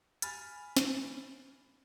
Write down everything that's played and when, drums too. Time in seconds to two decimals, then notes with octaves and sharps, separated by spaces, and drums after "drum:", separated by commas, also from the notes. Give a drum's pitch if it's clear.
0.22 G#5 B5 F6 A6, drum: hi-hat
0.77 drum: snare